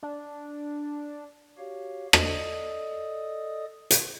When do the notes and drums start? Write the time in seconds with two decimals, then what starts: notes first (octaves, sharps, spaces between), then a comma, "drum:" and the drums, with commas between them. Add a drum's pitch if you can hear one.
0.03 D4
1.58 F#4 G4 C#5 F5
2.13 A4 D5 D#5 D#6, drum: rim click
3.91 drum: hi-hat